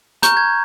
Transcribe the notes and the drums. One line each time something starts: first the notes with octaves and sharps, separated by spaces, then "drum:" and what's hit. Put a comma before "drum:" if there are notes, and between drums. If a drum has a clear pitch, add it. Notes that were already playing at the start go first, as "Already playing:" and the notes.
A#5 C#6 F6 G6, drum: hi-hat
G#6